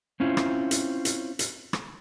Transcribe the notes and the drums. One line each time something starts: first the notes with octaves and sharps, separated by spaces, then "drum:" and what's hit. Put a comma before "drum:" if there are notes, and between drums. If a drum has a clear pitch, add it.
C4 C#4 E4 F4
drum: rim click
drum: hi-hat
drum: hi-hat
drum: hi-hat
drum: rim click